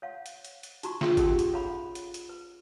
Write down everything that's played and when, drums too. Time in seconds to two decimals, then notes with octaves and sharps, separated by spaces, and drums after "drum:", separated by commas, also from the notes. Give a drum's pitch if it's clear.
0.02 C#5 F5 F#5
0.26 drum: hi-hat
0.45 drum: hi-hat
0.63 drum: hi-hat
0.83 D#4 F#4 A#5 C#6, drum: hi-hat
1.01 F4 G#4 E5 G5 C6, drum: snare
1.17 C#4 D#4 G4 A4 F#5 E6, drum: kick G#1, hi-hat
1.39 drum: hi-hat
1.53 C#5 F5 F#5 A#5 B5 D6
1.95 drum: hi-hat
2.14 drum: hi-hat
2.29 B4